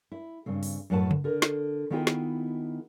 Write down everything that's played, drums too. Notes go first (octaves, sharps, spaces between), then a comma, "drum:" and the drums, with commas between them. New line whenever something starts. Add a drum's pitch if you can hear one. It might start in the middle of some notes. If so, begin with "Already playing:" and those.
E4
G2 C#3 C4
drum: open hi-hat
F#2 A2 B4 F#5 A5
drum: tom C#3
D3 A#4
drum: snare
D#3 B3 E4 F4 G#4 G5
drum: snare